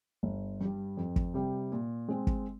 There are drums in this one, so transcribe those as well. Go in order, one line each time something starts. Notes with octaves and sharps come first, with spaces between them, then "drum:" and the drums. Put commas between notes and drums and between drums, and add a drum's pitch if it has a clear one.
G1
G2 G3
F2
drum: kick
C3 G3
A#2
G#3 C4
drum: kick